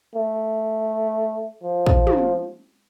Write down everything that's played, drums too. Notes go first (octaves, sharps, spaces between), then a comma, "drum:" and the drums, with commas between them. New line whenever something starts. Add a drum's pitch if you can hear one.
A3
F3
drum: kick
drum: tom